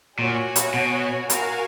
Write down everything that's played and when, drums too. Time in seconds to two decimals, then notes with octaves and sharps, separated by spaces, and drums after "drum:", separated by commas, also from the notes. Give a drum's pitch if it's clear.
0.19 A#2 F#4 C#5 G#5
0.56 drum: hi-hat
0.74 B2
1.30 F#4 A#4 F5 G#5, drum: hi-hat